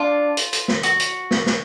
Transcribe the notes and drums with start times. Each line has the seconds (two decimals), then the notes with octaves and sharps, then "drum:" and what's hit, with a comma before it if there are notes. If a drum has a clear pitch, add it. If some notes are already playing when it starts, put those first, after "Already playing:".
Already playing: D4 F4
0.37 drum: hi-hat
0.53 drum: hi-hat
0.68 drum: snare
0.83 F#4, drum: hi-hat
1.00 drum: hi-hat
1.31 drum: snare
1.46 drum: snare